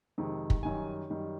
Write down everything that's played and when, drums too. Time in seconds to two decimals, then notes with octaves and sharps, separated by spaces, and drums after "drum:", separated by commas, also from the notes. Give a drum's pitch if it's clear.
0.18 F2 C3 D#3 G#3
0.50 drum: kick
0.63 F#2 D#3 G3 G#5
1.10 F#2 D#3 G3